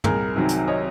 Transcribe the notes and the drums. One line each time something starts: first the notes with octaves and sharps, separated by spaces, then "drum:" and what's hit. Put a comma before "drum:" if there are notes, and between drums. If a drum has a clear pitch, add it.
C2 G#4 A#4, drum: tom
C3 D#3 F#3
drum: hi-hat
C#5 D#5